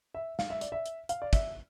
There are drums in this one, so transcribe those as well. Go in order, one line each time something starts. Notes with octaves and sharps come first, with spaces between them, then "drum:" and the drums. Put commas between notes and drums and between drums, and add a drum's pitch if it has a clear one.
E5
F5, drum: snare
E5
D5, drum: hi-hat
E5
drum: hi-hat
F5, drum: hi-hat
D5
E5, drum: kick, hi-hat